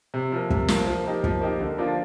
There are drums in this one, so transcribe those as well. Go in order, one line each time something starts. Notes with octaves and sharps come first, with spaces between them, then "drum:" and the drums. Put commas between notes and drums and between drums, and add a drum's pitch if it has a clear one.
C3
F3 A#3
C3, drum: kick
F3 A#3, drum: snare
F3
A#3 D#4 G4
F3, drum: kick
A#3 D#4 G4
D3
F3 A#3 D4 F4